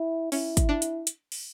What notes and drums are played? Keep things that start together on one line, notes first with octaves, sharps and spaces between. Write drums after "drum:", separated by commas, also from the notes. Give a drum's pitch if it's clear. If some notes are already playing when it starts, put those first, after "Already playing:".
Already playing: E4
C#4 E4, drum: open hi-hat
drum: kick, hi-hat
D4
drum: hi-hat
drum: hi-hat
drum: open hi-hat